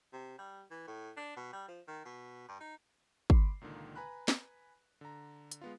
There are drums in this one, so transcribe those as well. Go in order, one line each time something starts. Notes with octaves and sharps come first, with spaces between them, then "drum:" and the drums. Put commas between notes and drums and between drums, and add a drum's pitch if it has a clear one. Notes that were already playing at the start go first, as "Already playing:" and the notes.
C3
G3
E3
A2
D4
B2
G3
F3
D#3
B2
G2
D#4
B5 C6 D6 C7, drum: kick
C#2 A#2 D3 D#3
B4 G#5 A#5 B5 F#6
drum: snare
D3 A#5
drum: hi-hat
G#3 B3 F4